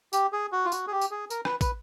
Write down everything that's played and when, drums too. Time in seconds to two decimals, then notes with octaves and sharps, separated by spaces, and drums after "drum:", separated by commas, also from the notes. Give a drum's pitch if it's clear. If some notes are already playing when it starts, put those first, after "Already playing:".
0.13 G4, drum: tambourine
0.33 G#4
0.52 F#4
0.65 F4
0.72 F#4, drum: tambourine
0.87 G#4
0.92 G4
1.01 drum: tambourine
1.11 G#4
1.30 A#4, drum: tambourine
1.45 B4, drum: rim click
1.61 B4, drum: kick, tambourine